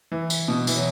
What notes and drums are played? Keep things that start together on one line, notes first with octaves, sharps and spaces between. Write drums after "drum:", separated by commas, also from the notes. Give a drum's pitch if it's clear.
E3
drum: tambourine
B2
E3, drum: tambourine
F#3